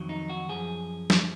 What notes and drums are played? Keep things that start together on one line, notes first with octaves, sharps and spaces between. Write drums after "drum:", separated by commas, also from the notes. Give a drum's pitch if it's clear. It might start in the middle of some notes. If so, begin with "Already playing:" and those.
Already playing: F2 D#3 F#3
D#4
F#4
F#2 F3 G#4
F#2 F3, drum: snare